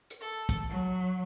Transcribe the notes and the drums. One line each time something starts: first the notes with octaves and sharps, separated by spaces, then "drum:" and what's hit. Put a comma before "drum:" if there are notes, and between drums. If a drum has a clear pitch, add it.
drum: hi-hat
A4
drum: kick, hi-hat
F#3